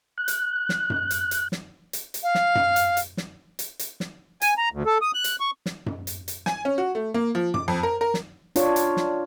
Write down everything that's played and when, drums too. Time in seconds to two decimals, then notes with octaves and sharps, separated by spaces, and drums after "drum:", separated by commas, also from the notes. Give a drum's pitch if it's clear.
0.18 F#6
0.28 drum: hi-hat
0.69 drum: snare
0.90 drum: tom F#2
1.11 drum: hi-hat
1.31 drum: hi-hat
1.52 drum: snare
1.93 drum: hi-hat
2.14 drum: hi-hat
2.23 F5
2.35 drum: snare
2.55 drum: tom F#2
2.76 drum: hi-hat
2.97 drum: hi-hat
3.17 drum: snare
3.59 drum: hi-hat
3.79 drum: hi-hat
4.00 drum: snare
4.41 G#5, drum: hi-hat
4.58 A#5
4.72 D2
4.86 A4
5.02 D#6
5.14 F#6
5.24 drum: hi-hat
5.40 C#6
5.66 drum: snare
5.86 drum: tom F#2
6.07 drum: hi-hat
6.28 drum: hi-hat
6.46 G#5, drum: snare
6.65 C#4
6.78 F#4
6.95 A3
7.14 A#3
7.35 F3
7.54 D6, drum: tom F#2
7.68 F2
7.83 A#4
8.01 A#4
8.14 drum: snare
8.56 D4 F4 C#5, drum: hi-hat
8.76 drum: hi-hat
8.97 drum: snare